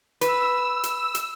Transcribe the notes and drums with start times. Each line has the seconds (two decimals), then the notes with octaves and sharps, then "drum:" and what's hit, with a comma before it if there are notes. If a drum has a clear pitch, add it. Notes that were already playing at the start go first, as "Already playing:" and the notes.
0.21 B4 E6, drum: hi-hat
0.83 drum: hi-hat
1.15 drum: hi-hat